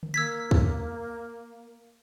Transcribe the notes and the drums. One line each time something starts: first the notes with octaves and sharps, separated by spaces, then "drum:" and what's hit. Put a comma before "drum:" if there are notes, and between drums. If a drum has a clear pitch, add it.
drum: tom D3
A#3 E6 G#6 B6
drum: kick